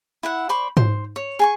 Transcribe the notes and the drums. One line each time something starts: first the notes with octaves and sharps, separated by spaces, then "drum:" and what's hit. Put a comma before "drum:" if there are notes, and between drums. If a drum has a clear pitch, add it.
E4 E5 F#5
C5 D5 B5 C#6
C5, drum: tom G#2
C#5
G#4 G#5 C#6